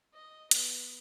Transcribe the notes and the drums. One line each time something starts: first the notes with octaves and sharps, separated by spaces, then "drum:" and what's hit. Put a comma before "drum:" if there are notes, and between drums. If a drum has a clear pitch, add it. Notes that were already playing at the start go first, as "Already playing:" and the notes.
D#5
B3, drum: hi-hat